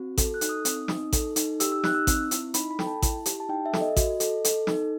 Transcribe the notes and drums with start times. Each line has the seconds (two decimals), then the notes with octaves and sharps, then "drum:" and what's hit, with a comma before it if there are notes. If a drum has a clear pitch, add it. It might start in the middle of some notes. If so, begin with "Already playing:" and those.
Already playing: C4 F#4
0.18 A4, drum: kick A1, hi-hat
0.34 F#6
0.41 D#4, drum: hi-hat
0.49 D#6
0.65 C4, drum: hi-hat
0.88 D#4, drum: snare
1.13 A4, drum: kick A1, hi-hat
1.36 D#4, drum: hi-hat
1.60 G4 E6, drum: hi-hat
1.72 E6
1.84 D#4 F#6, drum: snare
1.95 E6
2.07 C4, drum: kick A1, hi-hat
2.31 E4, drum: hi-hat
2.54 D#4 B5, drum: hi-hat
2.71 B5
2.79 A4 G5, drum: snare
2.87 A5
3.02 E4, drum: kick A1, hi-hat
3.26 G4, drum: hi-hat
3.40 A5
3.49 D#4 G5
3.66 E5
3.73 A4, drum: snare
3.81 D#5
3.96 F#4, drum: kick A1, hi-hat
4.20 A4, drum: hi-hat
4.44 A4, drum: hi-hat
4.67 D#4, drum: snare